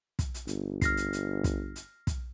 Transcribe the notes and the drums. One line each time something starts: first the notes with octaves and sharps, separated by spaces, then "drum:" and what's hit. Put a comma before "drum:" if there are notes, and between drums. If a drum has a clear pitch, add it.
drum: kick, hi-hat
drum: hi-hat
G1, drum: hi-hat
F6 A#6 C7, drum: kick, hi-hat
drum: hi-hat
drum: hi-hat
drum: kick, hi-hat
drum: hi-hat
drum: kick, hi-hat